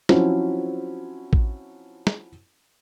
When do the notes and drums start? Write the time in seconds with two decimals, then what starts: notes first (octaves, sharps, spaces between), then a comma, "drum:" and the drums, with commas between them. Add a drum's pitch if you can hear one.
0.09 F3 F#3 C4 C#4 E4, drum: snare
1.33 drum: kick A1
2.07 drum: snare